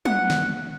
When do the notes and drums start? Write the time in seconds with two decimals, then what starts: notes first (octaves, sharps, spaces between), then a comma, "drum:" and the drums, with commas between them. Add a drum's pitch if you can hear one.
0.05 F#5, drum: tom
0.30 drum: snare